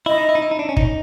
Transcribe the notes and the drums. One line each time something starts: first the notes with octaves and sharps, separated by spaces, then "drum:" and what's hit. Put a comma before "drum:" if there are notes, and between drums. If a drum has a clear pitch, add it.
E4 D#5
D#4
E4
D#4
E4
D#4
D4
C#4
D#4, drum: kick